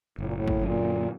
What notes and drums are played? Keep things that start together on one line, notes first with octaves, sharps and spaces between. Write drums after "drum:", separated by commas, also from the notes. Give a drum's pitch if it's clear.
F#1 A2
A#2
A2
drum: kick
F#2 A#2 D3